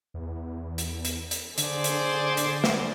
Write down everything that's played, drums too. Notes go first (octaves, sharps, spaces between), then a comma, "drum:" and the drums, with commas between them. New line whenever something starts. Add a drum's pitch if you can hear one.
E2
drum: hi-hat
drum: hi-hat
drum: hi-hat
D3 G#4 C5 D5, drum: hi-hat
drum: hi-hat
drum: hi-hat
drum: snare